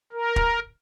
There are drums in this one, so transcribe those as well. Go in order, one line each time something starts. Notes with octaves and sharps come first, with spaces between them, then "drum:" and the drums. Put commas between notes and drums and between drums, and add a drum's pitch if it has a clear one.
A#4
drum: kick